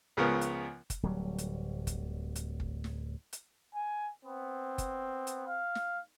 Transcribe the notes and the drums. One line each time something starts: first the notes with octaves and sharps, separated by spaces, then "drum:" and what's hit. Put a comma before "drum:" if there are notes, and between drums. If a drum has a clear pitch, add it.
C#2 C#3 F3 B3 A#4
drum: hi-hat
drum: kick, hi-hat
D1 F#3 G3
drum: hi-hat
drum: kick, hi-hat
drum: hi-hat
drum: kick
drum: snare
drum: hi-hat
G#5
B3 C4
drum: kick, hi-hat
drum: hi-hat
F5
drum: snare